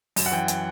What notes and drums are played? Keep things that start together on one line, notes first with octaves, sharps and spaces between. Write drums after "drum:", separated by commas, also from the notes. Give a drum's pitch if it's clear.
F#2, drum: open hi-hat
F#5
E3 G5
G5, drum: hi-hat